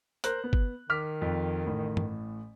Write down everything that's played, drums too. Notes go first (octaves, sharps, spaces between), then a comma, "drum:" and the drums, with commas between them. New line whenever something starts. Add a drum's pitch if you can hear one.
A#4 C5 F#6, drum: hi-hat
B3
drum: kick G1
D#3 D6 F6 B6
F2
A1 A2
drum: tom